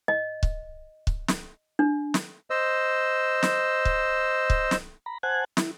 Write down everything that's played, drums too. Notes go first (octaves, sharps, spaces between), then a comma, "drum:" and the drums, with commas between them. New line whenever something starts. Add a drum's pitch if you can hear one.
D#5
drum: kick C#1
drum: kick C#1
drum: snare
D4
drum: snare
C5 D#5 E6
drum: snare
drum: kick C#1
drum: kick C#1
drum: snare
A#5 B5
C5 F#5 G#5 A5 F#6 G#6
E4, drum: snare